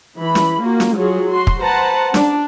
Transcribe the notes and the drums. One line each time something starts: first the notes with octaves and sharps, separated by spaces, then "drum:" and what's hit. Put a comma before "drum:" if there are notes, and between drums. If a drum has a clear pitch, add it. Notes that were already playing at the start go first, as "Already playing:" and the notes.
E3 B5
drum: snare
A#3 F4 F#4
drum: snare
F#3 F4 G#4
F#4 C6
drum: kick
B4 C5 F#5 A5 A#5
D4, drum: snare